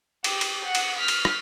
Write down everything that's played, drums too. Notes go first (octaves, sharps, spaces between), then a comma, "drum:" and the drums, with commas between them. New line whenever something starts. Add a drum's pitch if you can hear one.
G4, drum: cymbal
drum: cymbal
F#5
drum: cymbal
F6 B6
drum: cymbal
drum: rim click